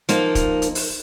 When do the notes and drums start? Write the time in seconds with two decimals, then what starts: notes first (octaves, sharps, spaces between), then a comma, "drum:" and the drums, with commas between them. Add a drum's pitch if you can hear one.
0.09 F3 A#3 D#4, drum: hi-hat
0.35 drum: kick, hi-hat
0.62 drum: hi-hat
0.75 drum: open hi-hat